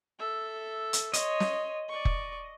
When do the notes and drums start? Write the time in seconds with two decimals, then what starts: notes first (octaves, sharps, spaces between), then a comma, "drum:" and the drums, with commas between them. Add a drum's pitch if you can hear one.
0.19 A4 E5
0.93 drum: hi-hat
1.14 C#5 D#5 C6, drum: hi-hat
1.40 drum: snare
1.89 D5 C#6
2.05 drum: kick F1